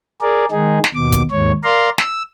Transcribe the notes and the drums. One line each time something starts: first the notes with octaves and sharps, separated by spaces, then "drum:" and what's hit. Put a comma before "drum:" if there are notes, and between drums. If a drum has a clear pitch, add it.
G#4 A#4 D5
D#3 G#3 D#4 G#4
drum: snare
D#2 B2 D6
drum: kick, hi-hat
D#2 G#2 C#5
A#4 D5 F5 A#5 C6
E6, drum: snare